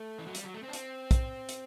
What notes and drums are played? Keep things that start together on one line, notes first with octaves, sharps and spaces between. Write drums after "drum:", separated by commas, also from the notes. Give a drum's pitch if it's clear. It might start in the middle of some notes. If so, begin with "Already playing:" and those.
Already playing: A3
E3
F#3
G3, drum: hi-hat
F#3
A3
C4
D4
C4, drum: hi-hat
drum: kick, hi-hat
drum: hi-hat